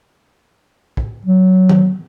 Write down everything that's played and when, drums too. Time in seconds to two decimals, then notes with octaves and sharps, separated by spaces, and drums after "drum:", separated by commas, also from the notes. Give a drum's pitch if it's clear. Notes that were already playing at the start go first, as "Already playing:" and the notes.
0.97 drum: kick
1.26 F#3
1.69 drum: tom D#3